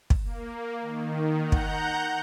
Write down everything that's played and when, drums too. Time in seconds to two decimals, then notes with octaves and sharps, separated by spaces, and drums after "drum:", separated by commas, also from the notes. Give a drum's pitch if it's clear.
0.10 drum: kick
0.24 A#3
0.81 D#3
1.42 F#5 A#5 G6
1.52 drum: kick